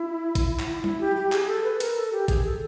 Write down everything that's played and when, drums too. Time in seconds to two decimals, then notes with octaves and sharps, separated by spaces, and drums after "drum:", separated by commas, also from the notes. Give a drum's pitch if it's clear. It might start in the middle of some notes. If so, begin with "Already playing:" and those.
Already playing: E4
0.35 drum: kick A1, hi-hat
0.60 drum: clap
0.84 E4, drum: tom F#3
1.00 G4
1.17 G4
1.32 G#4, drum: clap
1.48 A4
1.64 B4
1.80 A#4, drum: hi-hat
1.97 A4
2.12 G4
2.28 G#4, drum: kick A1, hi-hat
2.45 A4